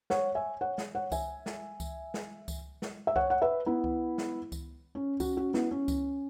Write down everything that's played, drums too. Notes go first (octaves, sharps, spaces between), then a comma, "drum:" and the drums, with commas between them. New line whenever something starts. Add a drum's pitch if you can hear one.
C#5 F#5, drum: snare
E5 G#5
C#5 F#5
drum: snare
C#5 F#5
E5 G#5, drum: kick C#2, tambourine
drum: snare
drum: kick C#2, tambourine
drum: snare
drum: kick C#2, tambourine
drum: snare
E5
C#5 F#5, drum: kick C#2
F#5
B4 E5
B3 E4
drum: kick C#2
drum: snare
drum: kick C#2, tambourine
C#4
C#4 F#4, drum: kick C#2, tambourine
C#4 F#4
B3 E4, drum: snare
C#4
drum: kick C#2, tambourine